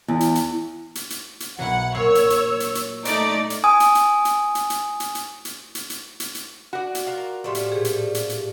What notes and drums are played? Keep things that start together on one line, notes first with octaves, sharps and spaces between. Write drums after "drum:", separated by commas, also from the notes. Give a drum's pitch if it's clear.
E2
drum: hi-hat
drum: hi-hat
drum: hi-hat
drum: hi-hat
drum: hi-hat
B1 F#3 E4 F#5
A#2 C#5 E6
drum: hi-hat
drum: hi-hat
drum: hi-hat
drum: hi-hat
A3 D#4 D5, drum: hi-hat
drum: hi-hat
G#5 D#6
drum: hi-hat
drum: hi-hat
drum: hi-hat
drum: hi-hat
drum: hi-hat
drum: hi-hat
drum: hi-hat
drum: hi-hat
drum: hi-hat
drum: hi-hat
drum: hi-hat
drum: hi-hat
F#4 D5
drum: hi-hat
F4 A#4
A2 F3 G3 A3 C6
drum: hi-hat
A#2 G#4
drum: hi-hat
drum: hi-hat
drum: hi-hat